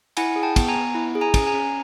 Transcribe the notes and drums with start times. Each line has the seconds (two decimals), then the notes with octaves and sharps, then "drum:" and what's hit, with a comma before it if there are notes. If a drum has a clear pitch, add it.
0.17 E4 F#5 G#5, drum: cymbal
0.36 G#4
0.43 G5 A5
0.56 B3, drum: kick, cymbal
0.68 G#5 A#5
0.75 B3
0.95 E4
1.15 G#4
1.21 G#5 A#5
1.34 C#4, drum: kick, cymbal
1.47 G#5 A#5
1.54 C#4